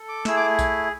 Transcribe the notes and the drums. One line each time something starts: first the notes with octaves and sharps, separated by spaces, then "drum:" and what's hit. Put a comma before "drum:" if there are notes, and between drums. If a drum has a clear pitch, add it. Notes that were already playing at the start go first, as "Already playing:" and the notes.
Already playing: A4
D6
A3 E4 G#4 E6, drum: snare
D6
drum: kick B1, tambourine